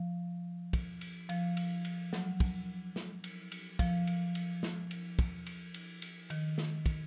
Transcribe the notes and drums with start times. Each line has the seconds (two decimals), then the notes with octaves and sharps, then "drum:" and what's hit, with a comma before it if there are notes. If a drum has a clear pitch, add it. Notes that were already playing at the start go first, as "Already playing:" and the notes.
Already playing: F3
0.73 drum: kick, cymbal
1.01 drum: cymbal
1.29 F3, drum: cymbal
1.57 drum: cymbal
1.85 drum: cymbal
2.13 F#3, drum: snare
2.40 drum: kick, cymbal
2.96 drum: snare
3.24 drum: cymbal
3.52 drum: cymbal
3.79 F3, drum: kick, cymbal
4.07 drum: cymbal
4.35 drum: cymbal
4.63 drum: snare
4.91 drum: cymbal
5.19 drum: kick, cymbal
5.46 drum: cymbal
5.74 drum: cymbal
6.02 drum: cymbal
6.30 D#3, drum: cymbal
6.58 drum: snare
6.86 drum: kick, cymbal